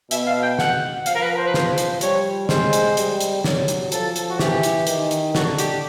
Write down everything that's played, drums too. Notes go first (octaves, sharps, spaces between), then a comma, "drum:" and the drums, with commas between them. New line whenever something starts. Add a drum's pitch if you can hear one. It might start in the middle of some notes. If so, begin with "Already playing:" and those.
B2 E5, drum: hi-hat
F5
G5
F#5, drum: snare
F3 F5, drum: hi-hat
A#4
B4
C5
B4
C5, drum: snare
drum: hi-hat
G3 C#5, drum: hi-hat
G#3 C5, drum: snare
drum: hi-hat
G3, drum: hi-hat
drum: hi-hat
F#3, drum: snare
drum: hi-hat
F3 A4, drum: hi-hat
drum: hi-hat
F#4
E3 G4, drum: snare
drum: hi-hat
D#3, drum: hi-hat
drum: hi-hat
D3 F#4, drum: snare
G4, drum: hi-hat